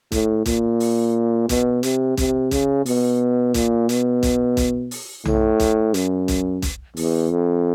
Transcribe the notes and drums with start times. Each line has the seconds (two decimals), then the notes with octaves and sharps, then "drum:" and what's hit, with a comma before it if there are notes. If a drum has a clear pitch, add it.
0.12 A2, drum: kick B1, hi-hat
0.46 A#2, drum: kick B1, hi-hat
0.80 drum: open hi-hat
1.49 B2, drum: kick B1, hi-hat
1.83 C3, drum: hi-hat
2.17 C3, drum: kick B1, hi-hat
2.51 C#3, drum: kick B1, hi-hat
2.86 B2, drum: open hi-hat
3.54 A#2, drum: kick B1, hi-hat
3.89 B2, drum: hi-hat
4.23 drum: kick B1, hi-hat
4.57 drum: kick B1, hi-hat
4.91 drum: open hi-hat
5.25 A2, drum: tom B1
5.60 drum: kick B1, hi-hat
5.94 F#2, drum: hi-hat
6.28 drum: kick B1, hi-hat
6.62 drum: kick B1, hi-hat
6.97 E2, drum: open hi-hat
7.30 F2